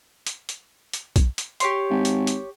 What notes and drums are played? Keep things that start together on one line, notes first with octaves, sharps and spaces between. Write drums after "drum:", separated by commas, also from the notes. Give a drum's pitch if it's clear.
drum: hi-hat
drum: hi-hat
drum: hi-hat
drum: kick B1, hi-hat
drum: hi-hat
G4 C#5 C6, drum: hi-hat
G#1
drum: hi-hat
drum: hi-hat